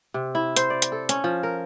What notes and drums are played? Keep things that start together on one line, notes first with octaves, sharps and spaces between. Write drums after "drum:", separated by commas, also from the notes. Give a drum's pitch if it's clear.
C3
E4
C5, drum: hi-hat
D5
drum: hi-hat
A4
C#4, drum: hi-hat
F3
A#4